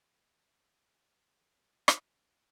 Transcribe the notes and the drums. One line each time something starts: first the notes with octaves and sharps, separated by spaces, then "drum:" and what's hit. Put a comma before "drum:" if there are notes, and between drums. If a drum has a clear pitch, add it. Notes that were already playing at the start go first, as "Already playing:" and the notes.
D#3 E3 F#3 C#4 G#5
drum: rim click